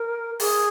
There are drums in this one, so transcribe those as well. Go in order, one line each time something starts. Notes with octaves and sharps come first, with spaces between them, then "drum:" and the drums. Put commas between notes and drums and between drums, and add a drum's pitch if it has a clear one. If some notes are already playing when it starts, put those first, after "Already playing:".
Already playing: A#4
G#4, drum: open hi-hat